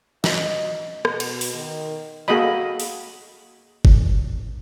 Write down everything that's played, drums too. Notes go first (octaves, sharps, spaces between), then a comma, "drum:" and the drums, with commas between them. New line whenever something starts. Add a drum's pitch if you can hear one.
D#5, drum: snare
B2, drum: rim click
drum: cymbal
drum: open hi-hat
D#3
A#3 F#4 G#4 A4 D#5 B5
drum: open hi-hat
drum: kick G1